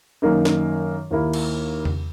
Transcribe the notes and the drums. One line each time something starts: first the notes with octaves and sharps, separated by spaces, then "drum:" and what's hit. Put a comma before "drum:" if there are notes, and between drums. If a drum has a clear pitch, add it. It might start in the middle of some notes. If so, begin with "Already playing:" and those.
F#2 D#3 A#3 D#4
drum: snare
D#2 D#3 A#3 E4
drum: cymbal
drum: tom E2